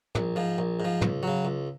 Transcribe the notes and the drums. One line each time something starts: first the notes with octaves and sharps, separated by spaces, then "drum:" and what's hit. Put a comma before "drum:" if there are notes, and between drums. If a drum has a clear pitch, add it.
A#1, drum: tom
G#2 F3
A#1
G#2 F3
C#2, drum: tom
C#3 F#3
C#2